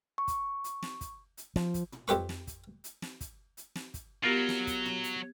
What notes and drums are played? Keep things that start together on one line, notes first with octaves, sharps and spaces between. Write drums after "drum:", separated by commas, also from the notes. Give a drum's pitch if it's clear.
C#6
drum: kick, hi-hat
drum: hi-hat
drum: snare
drum: kick, hi-hat
drum: hi-hat
F3, drum: snare
drum: kick, hi-hat
drum: tom
F2 G4 B4 C#6, drum: hi-hat
drum: snare
drum: kick, hi-hat
drum: hi-hat
drum: snare
drum: kick, hi-hat
drum: hi-hat
drum: snare
drum: kick, hi-hat
F#3 B3 F4 G4 A#4
drum: snare
drum: kick, hi-hat
drum: tom
drum: hi-hat